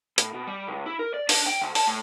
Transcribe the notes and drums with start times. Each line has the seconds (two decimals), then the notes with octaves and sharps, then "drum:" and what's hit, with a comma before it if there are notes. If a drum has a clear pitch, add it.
0.18 A2, drum: hi-hat
0.34 B2
0.47 G3
0.67 C#2
0.86 E4
0.99 A#4
1.14 D5
1.29 D4, drum: open hi-hat
1.47 G5
1.61 D2
1.75 A5, drum: open hi-hat
1.87 A2